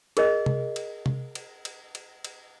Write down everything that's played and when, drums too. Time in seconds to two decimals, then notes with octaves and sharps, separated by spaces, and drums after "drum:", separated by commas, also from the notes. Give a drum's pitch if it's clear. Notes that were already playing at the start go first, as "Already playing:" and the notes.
0.17 G#4 A#4 D#5, drum: cymbal
0.46 drum: tom C3
0.76 drum: cymbal
1.06 drum: tom C3
1.35 drum: cymbal
1.65 drum: cymbal
1.95 drum: cymbal
2.24 drum: cymbal